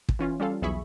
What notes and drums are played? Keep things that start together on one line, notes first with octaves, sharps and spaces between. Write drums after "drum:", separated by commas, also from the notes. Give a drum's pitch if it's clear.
drum: kick
E3 C#4 F4
G3 C#4 F4 A4 F5
B1 E2 G#4 E5 B5 C#6